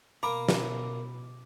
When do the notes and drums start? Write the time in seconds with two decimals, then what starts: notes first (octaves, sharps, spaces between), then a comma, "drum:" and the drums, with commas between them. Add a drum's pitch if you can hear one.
0.23 B2 A#3 A#5 B5 D6
0.49 drum: snare